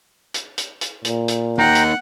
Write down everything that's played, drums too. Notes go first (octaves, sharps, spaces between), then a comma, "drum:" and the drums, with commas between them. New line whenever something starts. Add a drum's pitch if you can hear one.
drum: hi-hat
drum: hi-hat
drum: hi-hat
A#2, drum: hi-hat
drum: hi-hat
A#3 D#4 F#5 G5 A#5
drum: hi-hat